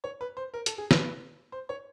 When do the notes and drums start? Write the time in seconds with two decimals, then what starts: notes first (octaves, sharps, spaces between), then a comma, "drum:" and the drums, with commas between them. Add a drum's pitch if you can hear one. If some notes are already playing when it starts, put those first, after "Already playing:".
0.04 C#5
0.21 B4
0.37 C5
0.54 A#4
0.66 A4, drum: hi-hat
0.78 G#4
0.91 B4, drum: snare
1.52 C5
1.69 C#5